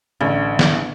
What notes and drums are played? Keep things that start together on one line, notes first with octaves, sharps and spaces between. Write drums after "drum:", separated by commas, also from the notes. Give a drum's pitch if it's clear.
A1 D3
drum: snare